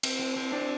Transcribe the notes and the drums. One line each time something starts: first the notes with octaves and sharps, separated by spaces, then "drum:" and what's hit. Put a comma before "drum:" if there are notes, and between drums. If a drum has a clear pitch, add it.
C4, drum: cymbal
C4
C4
C4 D4